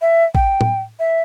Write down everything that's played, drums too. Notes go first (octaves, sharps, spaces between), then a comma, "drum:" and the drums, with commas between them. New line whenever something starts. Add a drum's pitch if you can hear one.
E5
G5, drum: kick A1
drum: tom A2
E5